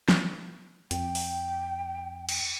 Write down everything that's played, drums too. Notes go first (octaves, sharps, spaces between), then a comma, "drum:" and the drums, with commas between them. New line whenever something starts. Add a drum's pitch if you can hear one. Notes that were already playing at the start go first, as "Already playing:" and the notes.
drum: snare
F2 G5, drum: hi-hat
drum: open hi-hat
drum: cymbal